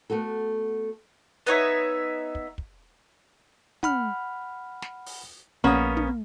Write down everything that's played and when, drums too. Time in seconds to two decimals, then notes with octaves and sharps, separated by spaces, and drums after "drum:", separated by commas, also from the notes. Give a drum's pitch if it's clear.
0.10 A3 B3 F#4 A4
1.46 B3 D#4 C#5 E5, drum: hi-hat
2.35 drum: kick
2.58 drum: kick
3.83 F#5 B5 F6, drum: tom
4.82 drum: snare
5.06 drum: open hi-hat
5.64 A#1 A#3 B3 C#4 D#6
5.97 drum: tom